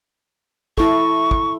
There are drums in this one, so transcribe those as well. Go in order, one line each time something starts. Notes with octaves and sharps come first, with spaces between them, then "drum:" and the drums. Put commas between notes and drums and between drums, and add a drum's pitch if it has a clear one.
E4 A4 C#6, drum: kick
drum: kick